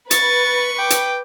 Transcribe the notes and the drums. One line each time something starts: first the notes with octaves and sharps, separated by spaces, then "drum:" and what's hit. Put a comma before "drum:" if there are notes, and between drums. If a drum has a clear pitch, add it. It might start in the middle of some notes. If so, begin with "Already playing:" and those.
B4 C#6 A6, drum: hi-hat
G5 D6
drum: hi-hat